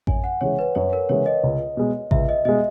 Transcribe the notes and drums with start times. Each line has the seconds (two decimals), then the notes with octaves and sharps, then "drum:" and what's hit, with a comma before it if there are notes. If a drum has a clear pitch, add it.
0.07 F#2 G#5, drum: kick A1
0.24 F#5
0.41 C#3 E3 G#3 C#5
0.59 B4
0.75 F#2 C#5
0.93 A#4
1.09 C#3 E3 G#3 C#5
1.26 D#5
1.43 C#2
1.77 B2 G#3
2.11 C#2 E5, drum: kick A1
2.29 D#5
2.45 B2 G#3 D#5